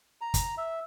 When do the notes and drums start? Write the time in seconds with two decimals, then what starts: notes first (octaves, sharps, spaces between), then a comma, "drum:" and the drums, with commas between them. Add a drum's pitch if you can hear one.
0.21 A#5
0.34 drum: kick, hi-hat
0.57 E5